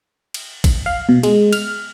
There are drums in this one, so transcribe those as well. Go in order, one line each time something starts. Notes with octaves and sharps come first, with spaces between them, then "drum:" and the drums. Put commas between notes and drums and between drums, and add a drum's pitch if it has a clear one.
drum: cymbal
drum: kick, cymbal
F5
B2
G#3, drum: cymbal
F6, drum: cymbal